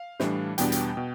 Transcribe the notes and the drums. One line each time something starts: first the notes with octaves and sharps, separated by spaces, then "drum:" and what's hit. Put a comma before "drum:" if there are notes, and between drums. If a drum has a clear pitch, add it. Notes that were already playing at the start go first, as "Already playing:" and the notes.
Already playing: F5
A2 E3 G3 D4, drum: snare
E2 B2 G3 B3 D4 G5, drum: hi-hat
drum: hi-hat
B2